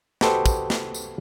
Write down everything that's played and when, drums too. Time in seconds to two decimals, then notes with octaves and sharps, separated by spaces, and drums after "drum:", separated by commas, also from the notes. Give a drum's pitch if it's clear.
0.21 F#4 G4 A4 B4 C5 D#5, drum: snare
0.46 drum: kick, tambourine
0.70 drum: snare
0.94 drum: tambourine